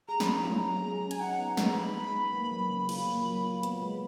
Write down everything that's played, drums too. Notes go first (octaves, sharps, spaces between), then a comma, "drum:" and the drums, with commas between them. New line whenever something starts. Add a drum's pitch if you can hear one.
G#4 A#5
B5, drum: snare
C#4 A#5
F#3, drum: tom G3
F#3
G#4
C#4
G#5, drum: cymbal
D#4 F#5
B3 A#5
G#3 A#5, drum: snare
G#3 B5
D#4
B3
A#3
F#3
C#3
F4, drum: cymbal
A#3
F#3
F4
B3, drum: hi-hat
G#3